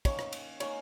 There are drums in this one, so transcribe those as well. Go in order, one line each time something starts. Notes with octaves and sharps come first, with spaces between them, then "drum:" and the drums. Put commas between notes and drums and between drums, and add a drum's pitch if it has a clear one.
D#3 A#3 C#4 C#5, drum: kick, cymbal
drum: rim click
drum: cymbal
D#3 A#3 C#4 C#5, drum: cymbal